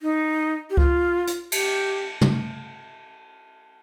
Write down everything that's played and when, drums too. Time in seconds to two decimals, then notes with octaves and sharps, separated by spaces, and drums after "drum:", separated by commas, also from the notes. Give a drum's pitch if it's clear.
0.02 D#4
0.70 G4
0.77 F4, drum: kick C#2
1.27 drum: hi-hat
1.52 G4, drum: cymbal
2.21 drum: tom